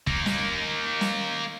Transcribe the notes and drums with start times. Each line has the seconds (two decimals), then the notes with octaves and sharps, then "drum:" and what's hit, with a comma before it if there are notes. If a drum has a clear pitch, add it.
0.07 A#3 D#4, drum: kick
0.26 drum: snare
1.01 drum: snare